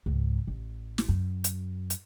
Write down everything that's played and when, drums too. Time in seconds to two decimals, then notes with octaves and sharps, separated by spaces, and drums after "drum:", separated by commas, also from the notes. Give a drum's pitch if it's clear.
0.06 C#2 G#2
0.47 A1
0.98 drum: snare
1.08 F#2
1.44 drum: hi-hat
1.90 drum: hi-hat